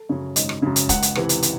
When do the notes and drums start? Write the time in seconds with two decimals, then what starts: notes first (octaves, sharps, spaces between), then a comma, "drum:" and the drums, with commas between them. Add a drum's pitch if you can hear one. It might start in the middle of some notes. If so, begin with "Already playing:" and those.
Already playing: A4
0.09 F#2 C#3 C#5
0.36 G#1 D#5, drum: hi-hat
0.49 drum: rim click
0.62 F#2 C#3
0.76 drum: hi-hat
0.89 C#2 F#5, drum: kick, hi-hat
1.02 drum: hi-hat
1.15 C3 E3, drum: rim click
1.29 drum: hi-hat
1.42 drum: hi-hat